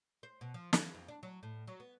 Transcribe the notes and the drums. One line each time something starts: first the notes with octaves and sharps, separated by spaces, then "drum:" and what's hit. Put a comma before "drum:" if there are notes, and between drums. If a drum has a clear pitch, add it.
C5
B2
F3
E3, drum: snare
F2
D4
F#3
A2
F#3
B3